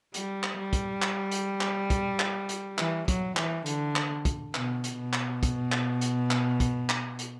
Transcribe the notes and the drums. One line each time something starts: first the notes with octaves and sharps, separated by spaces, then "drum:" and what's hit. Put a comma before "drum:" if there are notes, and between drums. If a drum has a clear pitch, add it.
G3, drum: hi-hat
drum: clap
G3
drum: kick, hi-hat
drum: clap
drum: hi-hat
drum: clap
drum: kick, hi-hat
drum: clap
drum: hi-hat
E3, drum: clap
F#3, drum: kick, hi-hat
E3, drum: clap
D3, drum: hi-hat
drum: clap
drum: kick, hi-hat
B2, drum: clap
drum: hi-hat
B2
drum: clap
drum: kick, hi-hat
drum: clap
drum: hi-hat
drum: clap
drum: kick, hi-hat
drum: clap
drum: hi-hat